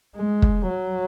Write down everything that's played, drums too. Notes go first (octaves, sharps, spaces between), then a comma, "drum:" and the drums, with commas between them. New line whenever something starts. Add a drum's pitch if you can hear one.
G#3
drum: kick
F#3